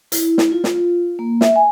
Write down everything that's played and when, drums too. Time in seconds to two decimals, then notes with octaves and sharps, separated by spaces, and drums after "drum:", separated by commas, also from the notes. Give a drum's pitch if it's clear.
0.12 E4, drum: hi-hat
0.38 drum: snare
0.52 F4
0.64 drum: snare
1.19 A#3
1.41 E5, drum: snare
1.56 G#5